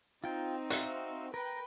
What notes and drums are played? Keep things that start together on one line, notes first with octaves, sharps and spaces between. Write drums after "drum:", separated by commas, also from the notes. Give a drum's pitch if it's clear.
C4 D#4 F4 G5
F#4 E5 F5, drum: hi-hat
A#4 B4 G5